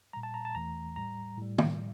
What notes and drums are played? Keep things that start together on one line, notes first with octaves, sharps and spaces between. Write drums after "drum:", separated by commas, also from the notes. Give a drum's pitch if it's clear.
A#2 G3 A#5
A5
A#5
A5
E2 E3 A3 A#5
A2 G3 A#5
A2 G3
drum: tom